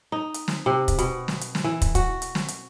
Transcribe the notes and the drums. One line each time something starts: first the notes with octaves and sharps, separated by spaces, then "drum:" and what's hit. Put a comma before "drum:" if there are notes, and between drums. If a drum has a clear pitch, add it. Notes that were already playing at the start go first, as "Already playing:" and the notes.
D#4
drum: hi-hat
drum: snare
C3
drum: kick, hi-hat
B2, drum: hi-hat
drum: snare
drum: hi-hat
drum: snare
E3
drum: kick, hi-hat
F#4, drum: kick, hi-hat
drum: hi-hat
drum: snare
drum: hi-hat